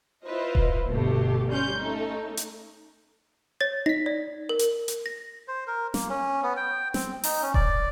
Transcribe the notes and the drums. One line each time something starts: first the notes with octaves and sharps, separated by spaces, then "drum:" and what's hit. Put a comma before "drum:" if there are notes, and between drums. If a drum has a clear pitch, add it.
E4 F4 B4 C5 D#5
drum: kick D#1
G1 B2 A3 G4
G3 C#4 C6 G6
A3 C#4 D#4
drum: hi-hat
C#5 A6
D#4 A#6 B6
D5
A#4
drum: hi-hat
drum: hi-hat
A#6
C5
A#4
A#3, drum: snare
C#4
B3
G5
C4, drum: snare
D#4, drum: open hi-hat
C#4
D5, drum: kick D#1